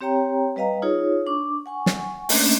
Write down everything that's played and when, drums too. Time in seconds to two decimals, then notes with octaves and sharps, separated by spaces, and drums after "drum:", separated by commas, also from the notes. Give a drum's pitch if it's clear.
0.01 C4 G4 C#5 G5 A#5
0.56 G3 B4 D#5 F5 A#5
0.82 D#4 F4 G#4 C#5
1.26 D4 C#6 D6
1.66 F#5 G#5 C#6
1.86 drum: snare
2.29 A3 A#3 C#4 D4, drum: open hi-hat